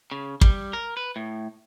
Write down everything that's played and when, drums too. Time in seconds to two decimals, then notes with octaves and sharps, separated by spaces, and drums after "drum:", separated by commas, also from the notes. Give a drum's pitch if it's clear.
0.12 C#3
0.41 G3, drum: kick
0.73 A#4
0.97 B4
1.16 A2